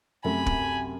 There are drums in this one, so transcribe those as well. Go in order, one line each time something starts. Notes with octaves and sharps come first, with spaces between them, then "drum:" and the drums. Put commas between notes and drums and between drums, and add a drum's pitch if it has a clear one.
F#2 C3 A3 G#5 B5
drum: kick